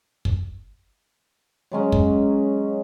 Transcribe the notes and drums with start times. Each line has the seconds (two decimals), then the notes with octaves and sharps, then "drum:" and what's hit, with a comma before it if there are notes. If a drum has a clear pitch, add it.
0.25 drum: kick
1.71 F#3 G#3 C#4
1.92 drum: kick